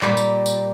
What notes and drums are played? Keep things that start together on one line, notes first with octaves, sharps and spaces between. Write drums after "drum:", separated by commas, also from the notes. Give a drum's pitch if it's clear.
A#2 G3 G4, drum: clap
drum: tambourine
drum: tambourine